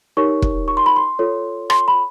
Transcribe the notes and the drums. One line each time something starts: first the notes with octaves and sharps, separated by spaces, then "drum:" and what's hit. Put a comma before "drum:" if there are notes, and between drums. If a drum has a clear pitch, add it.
D#4 G4 A#4 C#5 C#6
drum: kick
C#6
C6
B5
C6
F4 A4 C#5
C6, drum: rim click
B5